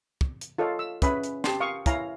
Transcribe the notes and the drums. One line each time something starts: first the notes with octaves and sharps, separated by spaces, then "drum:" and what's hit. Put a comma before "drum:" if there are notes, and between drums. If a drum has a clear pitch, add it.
drum: kick
drum: hi-hat
F4 A4 C#5 D#5 F5
E6
C#4 B4 E5 G#5 B5 D#6, drum: kick, hi-hat
drum: hi-hat
G4 A5 C6, drum: snare
F5 C#6 D#6
E4 C#5 F5 G#5 A#5, drum: kick, hi-hat